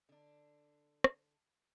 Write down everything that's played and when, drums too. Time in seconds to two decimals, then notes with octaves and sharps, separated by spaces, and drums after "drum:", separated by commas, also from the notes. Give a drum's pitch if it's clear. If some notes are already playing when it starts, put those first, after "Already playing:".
0.09 D3 D4
1.04 drum: rim click